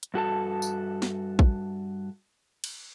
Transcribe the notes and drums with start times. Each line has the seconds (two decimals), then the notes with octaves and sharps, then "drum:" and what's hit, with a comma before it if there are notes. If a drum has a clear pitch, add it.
0.03 drum: hi-hat
0.14 G2 F#4 A4 A5
0.62 drum: tambourine
1.02 drum: snare
1.39 drum: kick
2.64 drum: cymbal